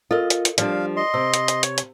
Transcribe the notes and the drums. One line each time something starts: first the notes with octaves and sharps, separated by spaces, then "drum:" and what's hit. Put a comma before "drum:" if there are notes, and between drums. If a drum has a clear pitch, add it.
F4 A4 A#4 D#5
drum: hi-hat
drum: hi-hat
F3 G3 D4 D5 F5, drum: hi-hat
D#5 C6
C3 C5 E6
drum: hi-hat
drum: hi-hat
C#5, drum: hi-hat
drum: hi-hat